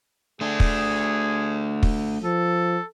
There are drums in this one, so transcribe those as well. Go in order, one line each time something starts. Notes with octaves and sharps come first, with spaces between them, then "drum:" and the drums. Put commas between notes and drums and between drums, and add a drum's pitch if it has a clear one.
A3 D4 G#4
drum: kick
drum: kick
F3 A4